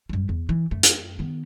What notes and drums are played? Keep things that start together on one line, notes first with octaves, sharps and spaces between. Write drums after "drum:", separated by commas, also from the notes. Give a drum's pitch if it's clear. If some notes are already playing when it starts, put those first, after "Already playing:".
F#2 G3
E2
E3
F#2 A3
drum: hi-hat
D#3 B3